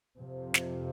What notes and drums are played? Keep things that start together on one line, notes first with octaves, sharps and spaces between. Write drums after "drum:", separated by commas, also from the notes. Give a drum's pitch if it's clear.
F2 C3 F3
drum: snare